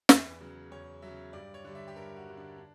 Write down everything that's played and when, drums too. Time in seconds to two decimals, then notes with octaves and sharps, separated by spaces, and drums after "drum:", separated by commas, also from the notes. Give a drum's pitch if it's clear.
0.09 E2 B4, drum: snare
0.40 C#3 F#3
0.71 E2 C#5
1.02 C#3 F#3 E5
1.33 G2 D5
1.54 C#5
1.65 D3 G3
1.75 E5
1.88 G4
1.96 G2 A#4
2.16 F#4
2.27 D3 G3
2.37 D4
2.58 D4